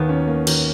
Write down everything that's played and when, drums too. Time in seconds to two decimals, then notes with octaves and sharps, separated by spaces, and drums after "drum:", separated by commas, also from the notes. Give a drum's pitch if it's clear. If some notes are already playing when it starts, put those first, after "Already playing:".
Already playing: D#2 D#3 A#3 B3
0.09 C#4
0.28 A#3
0.47 D#3, drum: cymbal